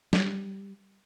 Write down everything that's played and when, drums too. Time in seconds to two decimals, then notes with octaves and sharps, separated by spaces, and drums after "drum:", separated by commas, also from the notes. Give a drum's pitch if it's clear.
0.13 G3, drum: snare